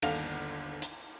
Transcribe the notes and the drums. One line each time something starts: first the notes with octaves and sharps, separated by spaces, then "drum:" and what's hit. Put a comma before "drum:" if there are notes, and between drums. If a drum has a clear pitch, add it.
G1 D#2 D3 F5 F#5 F7, drum: cymbal
drum: hi-hat